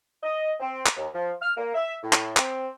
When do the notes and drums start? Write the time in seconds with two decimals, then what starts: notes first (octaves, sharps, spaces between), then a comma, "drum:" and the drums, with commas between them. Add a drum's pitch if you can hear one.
0.23 D#5
0.60 C4
0.86 drum: clap
0.97 D#2
1.13 F3
1.42 F6
1.57 A#3
1.75 E5
2.03 A2
2.13 drum: clap
2.37 C4, drum: clap